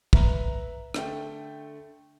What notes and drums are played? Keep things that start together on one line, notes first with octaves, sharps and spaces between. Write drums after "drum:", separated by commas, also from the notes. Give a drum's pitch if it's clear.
B4 E5 A#5, drum: kick
D3 A3 G5, drum: rim click